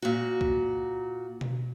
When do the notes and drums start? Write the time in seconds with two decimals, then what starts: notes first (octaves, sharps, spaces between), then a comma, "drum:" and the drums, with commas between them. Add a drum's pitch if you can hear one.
0.02 A#2 F#4
0.41 drum: kick B1
1.41 drum: tom B2